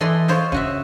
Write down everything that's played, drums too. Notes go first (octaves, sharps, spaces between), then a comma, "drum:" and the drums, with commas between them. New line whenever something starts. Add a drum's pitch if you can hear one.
E3 A4 D5 D#5 C6
F4 C5 C#5, drum: snare
C#3 F#4 E5, drum: kick D#1